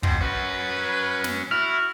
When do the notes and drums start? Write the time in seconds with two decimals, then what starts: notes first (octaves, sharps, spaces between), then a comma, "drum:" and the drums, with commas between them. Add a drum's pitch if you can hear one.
0.03 F2 B2 C5, drum: kick
0.21 C#4 F#4 B4
1.24 drum: snare
1.51 E4 F#4 F6